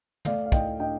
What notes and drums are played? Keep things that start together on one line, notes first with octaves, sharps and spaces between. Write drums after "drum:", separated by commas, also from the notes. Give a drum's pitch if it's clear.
A3 D5 F5, drum: tom
F5
A2 D#5 G5, drum: kick
D4 D#5 G5